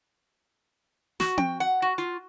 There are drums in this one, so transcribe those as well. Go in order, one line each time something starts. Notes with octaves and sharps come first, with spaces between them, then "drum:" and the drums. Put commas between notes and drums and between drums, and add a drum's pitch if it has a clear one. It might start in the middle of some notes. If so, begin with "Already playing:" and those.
F#4, drum: snare
G5, drum: tom C4
F#5
F#4
F4